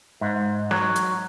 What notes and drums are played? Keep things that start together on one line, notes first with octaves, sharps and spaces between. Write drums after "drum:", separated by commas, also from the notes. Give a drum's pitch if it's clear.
G#2
F#3, drum: snare
drum: hi-hat